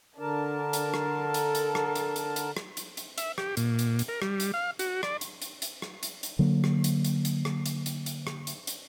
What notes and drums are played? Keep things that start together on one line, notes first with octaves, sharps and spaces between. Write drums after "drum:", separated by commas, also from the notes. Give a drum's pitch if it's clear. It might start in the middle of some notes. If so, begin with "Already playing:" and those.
D3 D4 A#4 A5
drum: hi-hat
drum: rim click
A4
drum: hi-hat
drum: hi-hat
drum: rim click
drum: hi-hat
drum: hi-hat
drum: hi-hat
drum: rim click
drum: hi-hat
drum: hi-hat
E5, drum: hi-hat
G4, drum: rim click
A#2, drum: hi-hat
drum: hi-hat
drum: hi-hat
A#4
G3, drum: rim click
drum: hi-hat
F5
F#4, drum: hi-hat
D5, drum: rim click
drum: hi-hat
drum: hi-hat
drum: hi-hat
drum: rim click
drum: hi-hat
drum: hi-hat
D3 F#3 A#3
drum: rim click
drum: hi-hat
drum: hi-hat
drum: hi-hat
drum: rim click
drum: hi-hat
drum: hi-hat
drum: hi-hat
drum: rim click
drum: hi-hat
drum: hi-hat